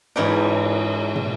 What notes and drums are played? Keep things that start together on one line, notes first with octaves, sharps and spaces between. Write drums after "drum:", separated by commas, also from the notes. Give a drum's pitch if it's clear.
G#2 E3 C#4 B4 F#5 G5, drum: cymbal
drum: tom